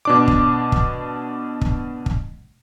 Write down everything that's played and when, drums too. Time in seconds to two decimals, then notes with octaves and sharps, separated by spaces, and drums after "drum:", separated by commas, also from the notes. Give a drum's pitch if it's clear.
0.05 B2 D4 D6
0.28 drum: kick
0.72 drum: kick
1.61 drum: kick
2.06 drum: kick